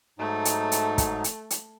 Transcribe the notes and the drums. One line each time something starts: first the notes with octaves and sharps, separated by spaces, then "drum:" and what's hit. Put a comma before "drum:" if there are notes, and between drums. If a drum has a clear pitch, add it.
G#2 F#3 A3 D#4
drum: hi-hat
drum: hi-hat
drum: kick, hi-hat
drum: hi-hat
drum: hi-hat